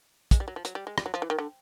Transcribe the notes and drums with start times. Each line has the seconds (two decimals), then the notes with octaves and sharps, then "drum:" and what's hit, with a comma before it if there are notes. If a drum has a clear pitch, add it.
0.31 G#3, drum: kick, hi-hat
0.40 G3
0.48 F#3
0.56 F3
0.65 F#3, drum: hi-hat
0.75 G3
0.87 G#3
0.98 G3, drum: rim click
1.06 F#3
1.14 F3
1.22 E3
1.30 D#3
1.39 D3